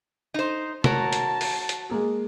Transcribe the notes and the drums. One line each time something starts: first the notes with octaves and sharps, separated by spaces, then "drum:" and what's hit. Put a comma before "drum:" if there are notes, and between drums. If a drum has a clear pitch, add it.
D#4 C5
F#4 A#4 C#5 A5, drum: tom C3
drum: hi-hat
drum: open hi-hat
drum: hi-hat
G#3 A#3 G#4